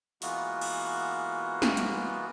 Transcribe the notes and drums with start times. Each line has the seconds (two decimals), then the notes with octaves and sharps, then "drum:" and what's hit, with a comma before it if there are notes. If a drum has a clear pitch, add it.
0.22 E3 G#3 A#3 B3 F4 F#4, drum: open hi-hat
0.61 drum: cymbal
1.62 drum: snare
1.77 drum: hi-hat